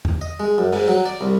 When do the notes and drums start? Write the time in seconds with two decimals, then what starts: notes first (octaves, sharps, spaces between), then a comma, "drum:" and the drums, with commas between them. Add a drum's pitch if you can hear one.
0.05 drum: tom E2
0.21 D#5
0.40 G#3
0.58 F#2
0.73 G#2, drum: open hi-hat
0.88 F#3
1.06 D5
1.21 C2